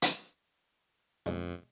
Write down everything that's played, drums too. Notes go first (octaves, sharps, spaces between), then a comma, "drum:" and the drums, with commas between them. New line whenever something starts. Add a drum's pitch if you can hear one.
drum: hi-hat
B1 F2 G#3 C5